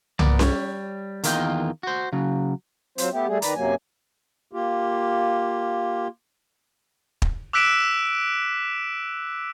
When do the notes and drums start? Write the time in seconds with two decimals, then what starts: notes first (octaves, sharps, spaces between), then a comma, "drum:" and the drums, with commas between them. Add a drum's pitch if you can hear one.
0.19 A#3 B3 D5, drum: tom C2
0.39 G3 C#5, drum: snare C#4
1.24 E2 D#3 A#3 F4 D#5 G5, drum: hi-hat
1.83 F#4 C5
2.13 C#3 F#3
2.98 F#3 C4 F4 C5, drum: hi-hat
3.12 A3 B3 G4
3.27 G3 A3 G#4
3.42 D#3 B4 D5 A#5, drum: hi-hat
3.55 F#2 C3 F#3 A#3 G#5
4.53 A#3 F4 G4
7.22 drum: kick
7.53 D6 E6 F#6 B6 D7 E7